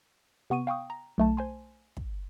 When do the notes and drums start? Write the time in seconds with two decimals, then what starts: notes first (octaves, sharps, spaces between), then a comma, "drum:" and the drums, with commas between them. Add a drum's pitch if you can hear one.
0.50 C3 B3 C#6 D#7
0.67 F5 G5 C#6 D#6
0.90 A#5
1.18 B1 A3 A5
1.37 C5 G#5 C6
1.97 drum: kick